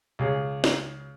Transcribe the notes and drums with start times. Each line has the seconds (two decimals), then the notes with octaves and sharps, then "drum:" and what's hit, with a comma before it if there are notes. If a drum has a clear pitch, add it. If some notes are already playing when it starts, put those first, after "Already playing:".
0.19 C#2 G#4
0.64 drum: snare